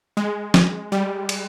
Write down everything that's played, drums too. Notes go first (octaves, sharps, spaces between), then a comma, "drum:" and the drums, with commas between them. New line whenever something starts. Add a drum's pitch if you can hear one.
G#3
drum: snare
G3
drum: cymbal